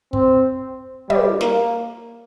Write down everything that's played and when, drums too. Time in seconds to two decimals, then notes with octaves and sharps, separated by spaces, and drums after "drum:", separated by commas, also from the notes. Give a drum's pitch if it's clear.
0.13 C4, drum: kick
1.10 G3, drum: tom
1.41 A#3, drum: snare